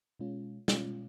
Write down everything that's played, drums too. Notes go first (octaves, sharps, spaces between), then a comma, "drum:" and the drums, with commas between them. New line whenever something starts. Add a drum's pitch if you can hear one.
B2 G#3 C#4 F4
B2 G#3 C#4 F4, drum: snare